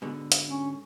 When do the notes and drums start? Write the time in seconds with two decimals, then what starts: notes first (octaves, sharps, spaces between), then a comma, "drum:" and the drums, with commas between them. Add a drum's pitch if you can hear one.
0.02 G#2 B2 D3
0.32 drum: hi-hat
0.47 C#4